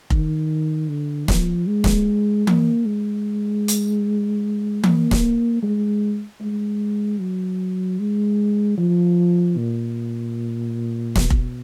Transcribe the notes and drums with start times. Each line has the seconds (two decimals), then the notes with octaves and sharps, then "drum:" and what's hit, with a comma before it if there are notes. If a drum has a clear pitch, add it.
0.10 D#3, drum: kick F1
0.89 D3
1.28 F3, drum: snare
1.67 G#3
1.84 drum: snare
2.47 A#3, drum: tom E3
2.86 G#3
3.68 drum: hi-hat
4.84 A#3, drum: tom E3
5.11 drum: snare
5.62 G#3
6.41 G#3
7.20 F#3
8.00 G#3
8.78 F3
9.57 A#2
11.16 B2, drum: snare
11.30 drum: kick F1